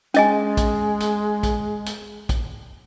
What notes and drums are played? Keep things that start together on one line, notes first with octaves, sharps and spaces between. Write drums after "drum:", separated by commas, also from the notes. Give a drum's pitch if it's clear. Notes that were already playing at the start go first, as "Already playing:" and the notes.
G#3 C#4 D#5 G#5, drum: hi-hat
drum: kick, hi-hat
drum: hi-hat
drum: kick, hi-hat
drum: hi-hat
drum: kick, hi-hat